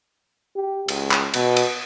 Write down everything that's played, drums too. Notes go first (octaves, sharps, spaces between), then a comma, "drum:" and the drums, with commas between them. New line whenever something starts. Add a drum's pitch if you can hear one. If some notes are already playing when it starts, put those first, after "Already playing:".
G4
C#2, drum: cymbal
drum: clap
B2, drum: cymbal
drum: cymbal